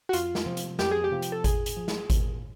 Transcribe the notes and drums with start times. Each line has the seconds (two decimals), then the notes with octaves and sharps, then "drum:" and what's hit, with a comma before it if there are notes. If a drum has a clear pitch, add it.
0.09 F#4
0.13 F2 F4, drum: hi-hat
0.35 drum: snare
0.46 C3 F3
0.57 drum: hi-hat
0.79 F2 G4, drum: snare
0.91 G#4
1.04 G4
1.11 C3 F3
1.22 drum: hi-hat
1.32 A4
1.44 A#2 G#4, drum: kick G#1, hi-hat
1.66 drum: hi-hat
1.77 F3
1.88 drum: snare
2.10 A#2, drum: kick G#1, hi-hat